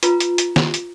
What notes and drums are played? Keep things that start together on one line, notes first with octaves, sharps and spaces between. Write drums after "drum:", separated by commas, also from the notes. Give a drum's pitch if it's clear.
F4 B4 A#5, drum: hi-hat
drum: hi-hat
drum: hi-hat
drum: snare
drum: hi-hat